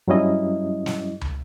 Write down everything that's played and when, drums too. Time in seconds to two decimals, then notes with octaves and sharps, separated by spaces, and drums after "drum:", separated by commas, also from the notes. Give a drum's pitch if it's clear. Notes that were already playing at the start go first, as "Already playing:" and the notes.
0.08 G2 F#3 G3 C#4 E4 D#5
0.86 drum: snare
1.21 drum: tom